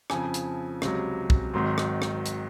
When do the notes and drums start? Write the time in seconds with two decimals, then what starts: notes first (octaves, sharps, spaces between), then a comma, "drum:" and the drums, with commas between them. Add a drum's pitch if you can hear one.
0.10 F2 C#3 F3 G#5, drum: rim click
0.34 drum: hi-hat
0.82 C#2 C3 F#3, drum: rim click
1.30 drum: kick
1.53 G#1 G#2 D#3 F#3 C6
1.78 drum: rim click
2.02 drum: rim click
2.26 drum: hi-hat